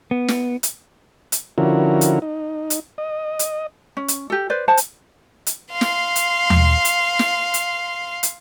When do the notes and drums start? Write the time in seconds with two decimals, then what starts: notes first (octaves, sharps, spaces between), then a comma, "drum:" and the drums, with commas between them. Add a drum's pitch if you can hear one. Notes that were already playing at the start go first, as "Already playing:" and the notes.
0.11 B3
0.28 drum: snare
0.63 drum: hi-hat
1.32 drum: hi-hat
1.58 D3 F3 C#4 E4 F#4 A#4
2.01 drum: hi-hat
2.22 D#4
2.70 drum: hi-hat
2.98 D#5
3.39 drum: hi-hat
3.97 C#4
4.08 drum: hi-hat
4.30 G4 A4
4.50 B4 C5 D5
4.68 C5 F#5 A5
4.77 drum: hi-hat
5.47 drum: hi-hat
5.72 F5 C6
5.81 drum: snare
6.16 drum: hi-hat
6.50 drum: tom D#2
6.85 drum: hi-hat
7.19 drum: snare
7.54 drum: hi-hat
8.23 drum: hi-hat